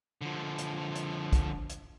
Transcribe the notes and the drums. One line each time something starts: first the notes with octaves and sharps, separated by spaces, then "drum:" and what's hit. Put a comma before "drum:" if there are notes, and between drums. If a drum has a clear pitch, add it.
D3 F3
drum: hi-hat
drum: hi-hat
drum: kick, hi-hat
drum: hi-hat